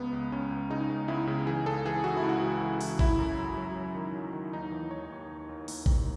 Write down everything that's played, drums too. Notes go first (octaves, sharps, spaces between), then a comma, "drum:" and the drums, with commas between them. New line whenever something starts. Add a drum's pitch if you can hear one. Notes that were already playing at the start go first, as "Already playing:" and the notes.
Already playing: C#2 B3
C#2
C#2 C#4
C#2
C#3 D#4
C#2
C#2 E4
C#3
E3 G#4
C#2 A4
E3 G#4
E3 F#4
E4
C#2
F#4
E3
E3
E3, drum: open hi-hat
F#3 E4, drum: kick A1
F#2
F#3
F#3
F#3
D#3
F#3
D#3
D#2 D#4
E3
D#2 C#5
D#2
D#2
D#2
D#2, drum: open hi-hat
D#2, drum: kick A1